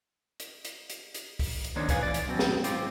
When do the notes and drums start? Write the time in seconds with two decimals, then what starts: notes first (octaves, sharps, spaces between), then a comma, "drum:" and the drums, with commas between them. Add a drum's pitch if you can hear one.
0.40 drum: hi-hat
0.65 drum: hi-hat
0.90 drum: hi-hat
1.14 drum: hi-hat
1.39 drum: kick, open hi-hat
1.64 drum: hi-hat
1.76 D#3 A#3 D4 D#4 C5 C#5
1.89 C#2 A2 B3 B4 F5 G#5, drum: kick, hi-hat
2.03 E3 D5
2.14 drum: hi-hat
2.27 F#2 B2 C4
2.39 drum: snare
2.64 G#2 C4 F4 G4, drum: hi-hat